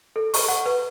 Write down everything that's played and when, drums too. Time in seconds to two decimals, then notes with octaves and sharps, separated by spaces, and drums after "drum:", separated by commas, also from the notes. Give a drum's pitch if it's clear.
0.16 A4
0.34 C#6, drum: open hi-hat
0.48 F#5
0.66 B4